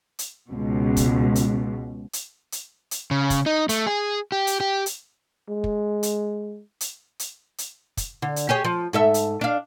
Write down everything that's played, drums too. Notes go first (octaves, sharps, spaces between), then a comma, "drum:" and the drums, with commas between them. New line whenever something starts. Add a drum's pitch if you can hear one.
drum: hi-hat
C#2 B2
drum: kick, hi-hat
drum: hi-hat
drum: hi-hat
drum: hi-hat
drum: hi-hat
C#3
drum: kick, hi-hat
D#4
A3, drum: hi-hat
G#4
G4
drum: hi-hat
G4
drum: hi-hat
G#3
drum: kick
drum: hi-hat
drum: hi-hat
drum: hi-hat
drum: hi-hat
drum: kick, hi-hat
D3
drum: hi-hat
G4 G#4 C#5
F3
G#2 A4 E5
drum: hi-hat
D4 F5